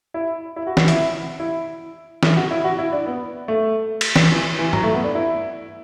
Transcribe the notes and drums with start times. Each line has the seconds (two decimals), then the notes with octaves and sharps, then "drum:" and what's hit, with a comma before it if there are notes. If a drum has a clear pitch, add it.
0.14 E4
0.56 E4
0.67 F#4
0.77 F#4, drum: snare
0.88 E4, drum: hi-hat
1.40 E4
2.23 E4, drum: snare
2.37 F#4
2.51 E4
2.64 F#4
2.79 E4
2.92 D4
3.06 B3
3.48 A3
4.01 drum: cymbal
4.16 drum: snare
4.32 E3
4.59 E3
4.73 F#3, drum: tom
4.83 A3
4.94 B3
5.04 D4
5.15 E4